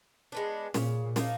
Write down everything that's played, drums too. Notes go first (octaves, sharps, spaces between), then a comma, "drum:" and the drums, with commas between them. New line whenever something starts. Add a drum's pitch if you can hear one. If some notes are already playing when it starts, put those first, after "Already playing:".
G#3 B3 D4
A#2 C#3, drum: snare
A#2
F3 A#3 D#4, drum: snare